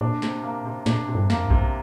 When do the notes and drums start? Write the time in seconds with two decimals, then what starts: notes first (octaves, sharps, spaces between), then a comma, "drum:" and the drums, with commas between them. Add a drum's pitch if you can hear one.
0.01 A#2 D4
0.22 C3, drum: snare
0.44 A#3
0.66 C3
0.86 A#2 D4, drum: snare
1.08 C3
1.15 G2
1.30 F2 A#3, drum: snare
1.44 G2
1.50 C3, drum: kick A#1